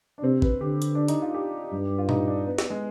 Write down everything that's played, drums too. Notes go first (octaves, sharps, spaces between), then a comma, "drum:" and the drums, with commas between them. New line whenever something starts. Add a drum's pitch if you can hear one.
D4
C3 C4
B4, drum: kick G#1
D3 G4
drum: hi-hat
D4
D#4, drum: hi-hat
F4
G4
G2
F4
D#4, drum: tom A#2
D4
B3
B3, drum: snare
G#3